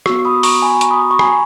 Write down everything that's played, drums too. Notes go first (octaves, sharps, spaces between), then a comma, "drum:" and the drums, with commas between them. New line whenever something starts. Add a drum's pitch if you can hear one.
B3 F#4 C#6 E6, drum: rim click
B5 D#6
A#5 C#6, drum: open hi-hat
G#5 B5
A#5 C#6, drum: hi-hat
B5 D#6
B5
A#5 C#6
G#5 B5, drum: rim click